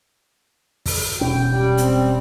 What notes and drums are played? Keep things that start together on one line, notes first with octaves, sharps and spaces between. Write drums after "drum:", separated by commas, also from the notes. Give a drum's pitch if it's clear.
drum: kick, open hi-hat
E1 B2 C#4 G5
G3
C4, drum: hi-hat